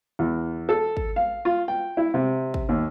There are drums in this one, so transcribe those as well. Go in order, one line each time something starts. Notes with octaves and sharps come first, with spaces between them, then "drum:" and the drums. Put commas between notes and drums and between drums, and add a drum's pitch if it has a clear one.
E2
A4
drum: kick G#1
F5
F4
G5
E4
C3
drum: kick G#1
D#2